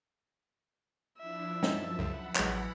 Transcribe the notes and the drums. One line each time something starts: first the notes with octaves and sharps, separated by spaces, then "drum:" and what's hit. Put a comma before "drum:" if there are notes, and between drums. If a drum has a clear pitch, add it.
F3 D4 E4 E5
F#2 F3 C4 C#4 D#4 A5, drum: snare
C#2 F#2 F#5 B5
A1 E3 F#3 G#3 C#5, drum: clap